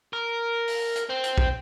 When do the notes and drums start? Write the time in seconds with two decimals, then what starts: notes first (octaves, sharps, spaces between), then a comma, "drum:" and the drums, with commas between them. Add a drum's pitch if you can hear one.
0.13 A#4
0.68 drum: open hi-hat
0.96 drum: hi-hat
1.10 C4
1.24 drum: hi-hat
1.38 drum: kick A#1